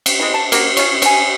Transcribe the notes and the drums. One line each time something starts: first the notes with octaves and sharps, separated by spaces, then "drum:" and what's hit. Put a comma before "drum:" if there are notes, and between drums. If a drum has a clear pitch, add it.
drum: cymbal
G#3 C4 E4
A5
A#3 F#4, drum: cymbal
C#4 F4 C#5, drum: cymbal
C#5 G#5, drum: cymbal